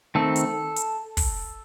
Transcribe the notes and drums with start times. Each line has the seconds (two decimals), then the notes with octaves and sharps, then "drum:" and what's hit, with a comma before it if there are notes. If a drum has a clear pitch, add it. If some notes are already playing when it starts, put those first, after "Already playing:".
0.15 D#3 A3 C4 A4
0.36 drum: hi-hat
0.76 drum: hi-hat
1.17 drum: kick, open hi-hat